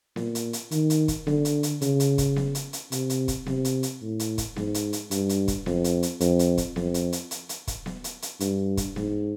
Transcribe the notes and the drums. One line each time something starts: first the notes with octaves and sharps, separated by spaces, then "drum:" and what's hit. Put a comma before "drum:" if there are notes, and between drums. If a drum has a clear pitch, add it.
A#2, drum: snare B3
drum: hi-hat
drum: hi-hat
D#3, drum: hi-hat
drum: hi-hat
drum: kick, hi-hat
D3, drum: snare B3
drum: hi-hat
drum: hi-hat
C#3, drum: hi-hat
drum: hi-hat
drum: kick, hi-hat
drum: snare B3
drum: hi-hat
drum: hi-hat
C3, drum: hi-hat
drum: hi-hat
drum: kick, hi-hat
C3, drum: snare B3
drum: hi-hat
drum: hi-hat
A2
drum: hi-hat
drum: kick, hi-hat
G#2, drum: snare B3
drum: hi-hat
drum: hi-hat
G2, drum: hi-hat
drum: hi-hat
drum: kick, hi-hat
F2, drum: snare B3
drum: hi-hat
drum: hi-hat
F2, drum: hi-hat
drum: hi-hat
drum: kick, hi-hat
F2, drum: snare B3
drum: hi-hat
drum: hi-hat
drum: hi-hat
drum: hi-hat
drum: kick, hi-hat
drum: snare B3
drum: hi-hat
drum: hi-hat
G2, drum: hi-hat
drum: kick, hi-hat
G#2, drum: snare B3